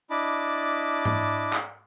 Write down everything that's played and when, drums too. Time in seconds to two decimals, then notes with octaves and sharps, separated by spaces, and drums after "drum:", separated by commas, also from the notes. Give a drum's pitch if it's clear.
0.10 D4 E4 D#5 A5 B5 D6
1.05 drum: tom G#2
1.53 drum: clap